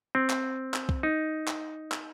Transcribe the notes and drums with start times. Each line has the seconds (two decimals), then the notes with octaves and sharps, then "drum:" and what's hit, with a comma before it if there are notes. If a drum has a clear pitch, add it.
0.15 C4
0.30 drum: clap
0.74 drum: clap
0.89 drum: kick
1.03 D#4
1.48 drum: clap
1.92 drum: clap